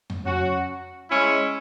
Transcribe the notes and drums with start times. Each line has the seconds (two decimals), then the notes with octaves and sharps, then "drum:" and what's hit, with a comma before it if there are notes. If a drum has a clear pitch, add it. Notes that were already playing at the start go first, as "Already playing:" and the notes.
0.10 drum: tom F2
0.23 F#3 C#4 F#4
1.09 G#3 C#4 E4